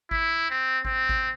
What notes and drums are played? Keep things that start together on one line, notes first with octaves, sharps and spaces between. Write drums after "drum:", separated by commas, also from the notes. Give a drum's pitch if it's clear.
E4, drum: kick G#1
C4
C4, drum: kick G#1
drum: kick G#1